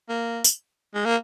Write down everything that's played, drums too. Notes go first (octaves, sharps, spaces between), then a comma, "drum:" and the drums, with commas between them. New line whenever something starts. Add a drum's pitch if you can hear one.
A#3
drum: tambourine
G#3
A#3